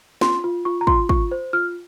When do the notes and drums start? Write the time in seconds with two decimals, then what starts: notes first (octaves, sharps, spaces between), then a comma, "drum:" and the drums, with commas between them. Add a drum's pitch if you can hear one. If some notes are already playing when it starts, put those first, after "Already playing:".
0.21 F4 C6, drum: snare
0.44 F4
0.65 F4 C#6
0.81 A#5
0.87 F4 C6, drum: kick
1.09 F4 C#6, drum: kick
1.31 C5
1.53 F4 F6